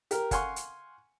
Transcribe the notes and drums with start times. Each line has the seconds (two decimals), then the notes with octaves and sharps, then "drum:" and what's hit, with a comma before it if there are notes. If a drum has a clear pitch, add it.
0.11 G4 A#4, drum: hi-hat
0.31 F5 F#5 G#5 C6 C#6, drum: kick F#1, hi-hat
0.56 drum: hi-hat